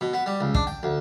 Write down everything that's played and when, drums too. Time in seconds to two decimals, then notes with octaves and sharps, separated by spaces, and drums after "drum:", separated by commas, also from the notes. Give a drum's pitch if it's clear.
0.01 B2
0.13 B3
0.26 G3
0.41 C#2
0.55 D4, drum: kick
0.67 G5
0.83 D2